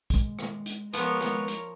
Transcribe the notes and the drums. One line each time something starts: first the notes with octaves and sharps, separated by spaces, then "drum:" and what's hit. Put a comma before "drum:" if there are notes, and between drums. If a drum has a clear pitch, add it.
G#3, drum: kick, hi-hat
drum: rim click
drum: hi-hat
F3 B3 A#4 C#5, drum: hi-hat
drum: rim click
drum: hi-hat